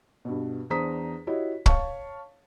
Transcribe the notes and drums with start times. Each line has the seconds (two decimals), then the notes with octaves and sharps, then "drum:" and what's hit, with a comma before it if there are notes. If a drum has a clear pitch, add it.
0.25 G2 B2
0.70 E2 D4 C5 A#5 D#6 B6
1.27 E4 F#4 G4 C#5 D#5
1.66 C#5 F5 A5 C#6, drum: kick